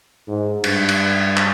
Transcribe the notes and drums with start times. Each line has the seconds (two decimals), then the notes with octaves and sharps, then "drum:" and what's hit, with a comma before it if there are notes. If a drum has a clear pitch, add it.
0.28 G#2
0.64 G2, drum: cymbal
0.89 drum: cymbal
1.37 drum: clap